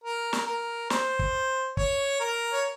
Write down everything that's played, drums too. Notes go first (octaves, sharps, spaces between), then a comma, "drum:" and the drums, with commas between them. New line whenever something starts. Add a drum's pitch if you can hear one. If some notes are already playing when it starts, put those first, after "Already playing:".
A#4
drum: snare
A#4
C5, drum: snare
drum: kick
C#5, drum: kick
A#4
C#5